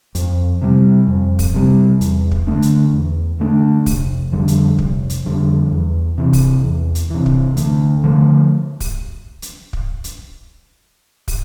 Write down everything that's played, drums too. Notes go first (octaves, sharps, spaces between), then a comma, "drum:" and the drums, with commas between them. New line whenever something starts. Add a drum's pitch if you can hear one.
F2, drum: hi-hat
C3 G3
F2
drum: kick, open hi-hat
C3 G3
E2, drum: hi-hat
drum: kick
D3 A3 D4
drum: hi-hat
E2
D3 A3 D4
F1, drum: kick, open hi-hat
F2 D3 G3
drum: hi-hat
F1, drum: kick
drum: hi-hat
F2 D3 G3
E2
C3 E3
drum: kick, open hi-hat
E2
drum: hi-hat
C3 E3
drum: kick
D2, drum: hi-hat
D3 F3 A3
drum: kick, open hi-hat
drum: hi-hat
drum: kick
drum: hi-hat
drum: kick, open hi-hat